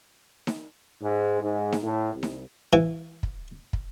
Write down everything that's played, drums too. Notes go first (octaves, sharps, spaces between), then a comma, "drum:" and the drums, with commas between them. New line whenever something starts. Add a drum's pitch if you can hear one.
drum: snare D#4
G#2
G#2
drum: snare D#4
A2
C2
drum: snare D#4
E3
drum: kick
drum: kick